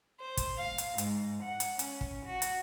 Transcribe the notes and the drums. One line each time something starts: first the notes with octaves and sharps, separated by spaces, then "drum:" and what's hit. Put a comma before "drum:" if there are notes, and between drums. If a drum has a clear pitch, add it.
C5
drum: kick, hi-hat
F5
drum: hi-hat
G#2, drum: hi-hat
F#5
drum: hi-hat
C#4, drum: hi-hat
drum: kick
F#4
drum: hi-hat